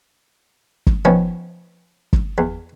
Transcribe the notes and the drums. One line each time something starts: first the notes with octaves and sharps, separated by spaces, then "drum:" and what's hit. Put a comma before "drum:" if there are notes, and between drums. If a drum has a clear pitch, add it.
drum: kick
D#3 F3 B3 C#4
drum: kick
E2